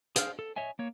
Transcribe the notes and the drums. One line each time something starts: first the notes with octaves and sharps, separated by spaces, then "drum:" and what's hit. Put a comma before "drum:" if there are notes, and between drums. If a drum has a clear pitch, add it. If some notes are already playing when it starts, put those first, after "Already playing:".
G#4 C5 F5 F6, drum: hi-hat
A4
C#5 D#5 E5 G#5
A#3 C#5